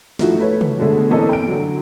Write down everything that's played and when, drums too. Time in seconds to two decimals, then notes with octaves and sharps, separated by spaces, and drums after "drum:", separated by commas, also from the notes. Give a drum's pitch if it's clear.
0.19 F3 A3 D#4 E4 F#4, drum: snare
0.38 A3 B4 C#5
0.61 drum: tom
0.78 B2 D3 G#3 A3
1.11 E3 A#3 C4 C#4 A4 D#5
1.29 G5 D7
1.48 D3 F#3